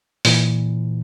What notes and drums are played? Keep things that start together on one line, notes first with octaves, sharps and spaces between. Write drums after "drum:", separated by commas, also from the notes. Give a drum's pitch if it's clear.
A#2 E3, drum: open hi-hat